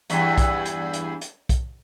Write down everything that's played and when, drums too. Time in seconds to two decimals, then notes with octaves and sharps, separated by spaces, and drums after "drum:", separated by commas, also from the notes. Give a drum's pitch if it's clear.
0.10 E2 G2 E3, drum: hi-hat
0.38 drum: kick B1, hi-hat
0.66 drum: hi-hat
0.93 drum: hi-hat
1.21 drum: hi-hat
1.49 drum: kick B1, hi-hat